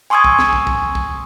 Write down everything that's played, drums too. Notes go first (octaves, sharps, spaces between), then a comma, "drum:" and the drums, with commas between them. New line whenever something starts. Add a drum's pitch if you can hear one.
G#5 C6 C#6 D#6 E6 G#6
drum: kick
drum: snare
drum: kick
drum: kick
drum: kick